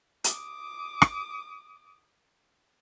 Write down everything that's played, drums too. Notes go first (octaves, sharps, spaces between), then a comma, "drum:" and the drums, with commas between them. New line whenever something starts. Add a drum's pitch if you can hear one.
D6 D#6, drum: hi-hat
drum: rim click